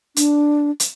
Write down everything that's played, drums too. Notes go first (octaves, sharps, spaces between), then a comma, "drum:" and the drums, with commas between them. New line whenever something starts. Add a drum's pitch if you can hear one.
D4, drum: hi-hat
drum: hi-hat